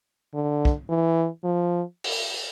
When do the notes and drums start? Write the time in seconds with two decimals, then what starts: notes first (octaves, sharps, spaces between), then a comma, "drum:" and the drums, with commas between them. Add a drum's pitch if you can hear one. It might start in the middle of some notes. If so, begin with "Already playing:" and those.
0.34 D3
0.65 drum: kick
0.89 E3
1.44 F3
2.04 drum: open hi-hat